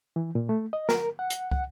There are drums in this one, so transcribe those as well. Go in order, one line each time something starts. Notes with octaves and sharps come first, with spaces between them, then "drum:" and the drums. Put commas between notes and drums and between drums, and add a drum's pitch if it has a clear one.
E3
A#2
A3
D#5
A#4, drum: snare
F#5
drum: hi-hat
F#5, drum: kick